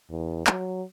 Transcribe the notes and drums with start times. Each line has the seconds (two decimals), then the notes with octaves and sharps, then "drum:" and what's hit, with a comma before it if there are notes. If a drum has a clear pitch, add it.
0.10 E2
0.47 F#3, drum: clap